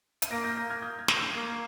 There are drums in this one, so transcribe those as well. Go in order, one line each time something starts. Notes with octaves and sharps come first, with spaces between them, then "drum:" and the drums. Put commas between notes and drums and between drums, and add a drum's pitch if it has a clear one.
D#7, drum: hi-hat
A#3 A#6 D7
G6 A#6
G6 A#6
F6 G#6
D#6 G6
G#6
G6 A#6, drum: snare
A#3 G#6 C7